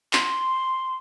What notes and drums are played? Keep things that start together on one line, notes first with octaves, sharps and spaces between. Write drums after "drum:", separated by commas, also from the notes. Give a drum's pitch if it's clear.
C6, drum: clap